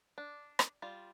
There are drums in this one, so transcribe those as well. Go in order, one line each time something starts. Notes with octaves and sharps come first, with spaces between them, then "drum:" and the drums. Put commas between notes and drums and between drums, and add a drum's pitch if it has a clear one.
D4
drum: rim click
G3 F4